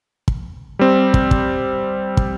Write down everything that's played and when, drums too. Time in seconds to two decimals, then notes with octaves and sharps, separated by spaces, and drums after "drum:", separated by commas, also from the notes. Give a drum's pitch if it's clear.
0.28 drum: kick
0.79 G3 C4
1.14 drum: kick
1.31 drum: kick
2.17 drum: kick